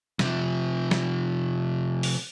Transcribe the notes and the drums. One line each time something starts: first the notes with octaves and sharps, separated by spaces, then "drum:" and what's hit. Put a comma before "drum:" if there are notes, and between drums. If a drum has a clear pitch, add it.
C3 F3, drum: snare
drum: snare
drum: open hi-hat